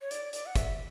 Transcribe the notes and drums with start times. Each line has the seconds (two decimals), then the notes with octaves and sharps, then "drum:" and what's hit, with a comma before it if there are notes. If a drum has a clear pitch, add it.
0.01 C#5
0.11 D5, drum: hi-hat
0.33 D5, drum: hi-hat
0.46 F#5
0.56 E5, drum: kick, hi-hat